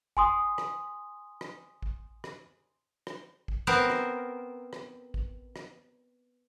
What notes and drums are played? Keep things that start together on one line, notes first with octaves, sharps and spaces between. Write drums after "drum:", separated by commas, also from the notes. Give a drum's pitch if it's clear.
G#5 C6 D#6, drum: kick A1
drum: rim click
drum: rim click
drum: kick A1
drum: rim click
drum: rim click
drum: kick A1
B3 C4 A#4
drum: rim click
drum: rim click
drum: kick A1
drum: rim click